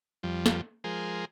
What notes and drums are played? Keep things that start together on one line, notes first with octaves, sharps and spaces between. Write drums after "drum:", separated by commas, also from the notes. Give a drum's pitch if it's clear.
F2 F3 G3
drum: snare
F3 G#3 G#4 A#4 C5